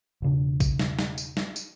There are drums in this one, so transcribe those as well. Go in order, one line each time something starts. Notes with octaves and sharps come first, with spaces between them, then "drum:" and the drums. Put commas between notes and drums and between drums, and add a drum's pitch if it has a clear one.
E1 C#3 D4
drum: kick A#1, tambourine
drum: snare
drum: snare
drum: tambourine
drum: snare
drum: tambourine